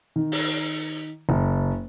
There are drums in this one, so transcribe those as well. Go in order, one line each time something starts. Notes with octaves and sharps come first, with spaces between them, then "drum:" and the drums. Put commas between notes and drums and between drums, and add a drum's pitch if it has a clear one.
D#3
drum: open hi-hat
F#1